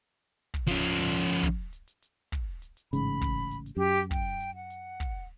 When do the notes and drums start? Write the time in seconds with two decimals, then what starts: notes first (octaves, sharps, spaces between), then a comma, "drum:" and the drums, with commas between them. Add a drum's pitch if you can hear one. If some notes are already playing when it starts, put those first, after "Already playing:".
0.54 drum: kick, hi-hat
0.68 F3 C#4
0.83 drum: hi-hat
0.98 drum: hi-hat
1.13 drum: hi-hat
1.43 drum: kick, hi-hat
1.73 drum: hi-hat
1.88 drum: hi-hat
2.02 drum: hi-hat
2.32 drum: kick, hi-hat
2.62 drum: hi-hat
2.77 drum: hi-hat
2.93 A1 G#2 C#3 B5, drum: hi-hat
3.21 drum: kick, hi-hat
3.51 drum: hi-hat
3.66 drum: hi-hat
3.77 F#2 G4
4.11 G5, drum: kick, hi-hat
4.40 drum: hi-hat
4.56 F#5
4.70 drum: hi-hat
5.00 drum: kick, hi-hat